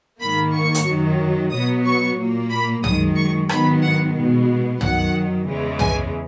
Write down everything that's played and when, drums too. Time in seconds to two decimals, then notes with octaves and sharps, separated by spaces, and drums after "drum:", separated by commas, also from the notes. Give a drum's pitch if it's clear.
0.21 G#2 D#3 A#3 B5
0.54 C#6
0.74 drum: hi-hat
0.87 F#2 D#3 F#3
1.52 B2 F#3 B3 D#6
1.85 C#6
2.18 A#2 A#3
2.51 B5
2.84 F#2 D#3 G#3 D#6, drum: tom
3.16 C#6
3.49 G#2 D#3 F#3 B3 B5, drum: rim click
3.82 F#5
4.15 B2 G#3 B3
4.81 F#2 D#3 F#3 F#5, drum: tom
5.47 E2 C#3 E3 G#3
5.79 G#5, drum: tom